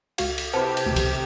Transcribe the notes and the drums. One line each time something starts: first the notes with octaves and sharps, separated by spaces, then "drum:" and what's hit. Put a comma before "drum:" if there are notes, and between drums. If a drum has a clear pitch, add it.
C#2 F#4 F5, drum: cymbal
drum: cymbal
C3 E4 G4 B4 C5 F#5 A5
drum: cymbal
D2 B2
drum: kick C2, cymbal